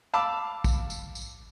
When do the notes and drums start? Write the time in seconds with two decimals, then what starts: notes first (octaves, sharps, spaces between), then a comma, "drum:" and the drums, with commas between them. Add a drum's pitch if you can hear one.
0.14 F5 A5 B5 D6 E6
0.64 drum: kick, tambourine
0.90 drum: tambourine
1.15 drum: tambourine